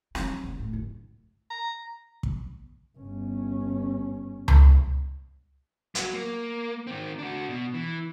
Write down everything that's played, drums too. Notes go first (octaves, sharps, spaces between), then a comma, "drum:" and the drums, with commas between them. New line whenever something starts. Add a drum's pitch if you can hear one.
D#4, drum: snare
E2
A2
G#1
A#5
drum: kick
G1 C#4
drum: tom C#2
F#3 F#4, drum: hi-hat
A#3
D#3 C4
D4 F#4
B2
E3